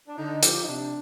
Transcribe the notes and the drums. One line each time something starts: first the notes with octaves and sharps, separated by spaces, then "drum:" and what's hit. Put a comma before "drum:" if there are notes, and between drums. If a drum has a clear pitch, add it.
D4
D3 D#4
F3 G4, drum: hi-hat
D#4
C3 D4